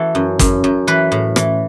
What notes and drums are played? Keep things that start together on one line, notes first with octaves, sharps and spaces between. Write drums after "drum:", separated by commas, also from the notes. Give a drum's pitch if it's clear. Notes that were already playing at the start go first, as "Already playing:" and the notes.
Already playing: E3 F#4 A4
F#2
F#2, drum: kick, hi-hat
F#2
E3 B4
A2
E3, drum: rim click